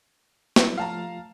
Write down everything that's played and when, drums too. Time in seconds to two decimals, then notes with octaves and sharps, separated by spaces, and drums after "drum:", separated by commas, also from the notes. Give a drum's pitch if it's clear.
0.56 F#3 G3 A3 E4, drum: snare
0.77 F3 A3 F4 F5 A5 A#5